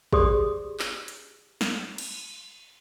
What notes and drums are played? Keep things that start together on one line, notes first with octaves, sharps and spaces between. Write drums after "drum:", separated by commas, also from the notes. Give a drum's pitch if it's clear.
G4 G#4 C5 D5 C6 D#6, drum: kick
drum: clap
drum: hi-hat
drum: snare
drum: cymbal